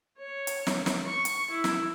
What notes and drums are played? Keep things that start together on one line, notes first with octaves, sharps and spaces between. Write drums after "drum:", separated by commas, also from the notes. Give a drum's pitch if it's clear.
C#5
drum: hi-hat
drum: snare
drum: snare
C#6
drum: hi-hat
E4
drum: snare